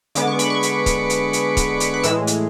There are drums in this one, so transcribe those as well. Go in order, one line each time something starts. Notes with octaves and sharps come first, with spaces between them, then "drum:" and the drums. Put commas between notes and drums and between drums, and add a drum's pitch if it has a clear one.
D3 G#3 B3 D6, drum: hi-hat
C#6
B5, drum: hi-hat
C#6
drum: hi-hat
drum: kick C#1, hi-hat
drum: hi-hat
drum: hi-hat
drum: kick C#1, hi-hat
drum: hi-hat
F#6
A2 E3 G#3 E6, drum: hi-hat
drum: hi-hat